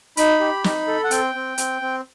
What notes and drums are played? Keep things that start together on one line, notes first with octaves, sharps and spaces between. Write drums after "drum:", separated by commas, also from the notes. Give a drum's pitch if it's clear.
D#4 B5, drum: hi-hat
G4
D#4, drum: snare
A4
F#5
C4 G5, drum: hi-hat
C4
C4, drum: hi-hat
C4